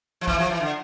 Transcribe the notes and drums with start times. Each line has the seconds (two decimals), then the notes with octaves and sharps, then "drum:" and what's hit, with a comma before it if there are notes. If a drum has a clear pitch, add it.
0.21 F3
0.28 E3, drum: kick
0.39 F3
0.50 E3
0.60 D3